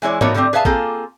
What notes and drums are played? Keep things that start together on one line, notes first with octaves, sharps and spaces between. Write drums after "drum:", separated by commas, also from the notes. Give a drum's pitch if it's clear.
E3 G#3 E4 C#5
A3 B3 D#4 F#4 A#4 C#5, drum: tom G#2
D3 G3 A3 A#3 C4
G#4 B4 E5 F5 G#5 A5
A#3 C4 F4 G#4 A4, drum: kick